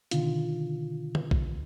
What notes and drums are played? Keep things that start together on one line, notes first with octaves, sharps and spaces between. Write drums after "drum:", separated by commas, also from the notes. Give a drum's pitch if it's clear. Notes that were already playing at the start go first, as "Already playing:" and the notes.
B2 D3 D#3 F4, drum: hi-hat
drum: tom D3
drum: kick A#1